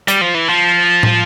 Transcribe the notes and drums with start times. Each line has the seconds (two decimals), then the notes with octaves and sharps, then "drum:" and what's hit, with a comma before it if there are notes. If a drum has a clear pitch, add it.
0.08 G3, drum: hi-hat
0.21 F3
0.35 E3
0.48 F3
1.03 drum: tom